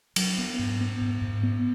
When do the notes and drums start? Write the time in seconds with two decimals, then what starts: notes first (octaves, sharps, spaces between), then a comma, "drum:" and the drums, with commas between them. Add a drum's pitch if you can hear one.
0.16 F#3, drum: cymbal
0.38 B3
0.59 G#2
0.81 B3
1.01 G#2
1.22 G#2
1.43 B3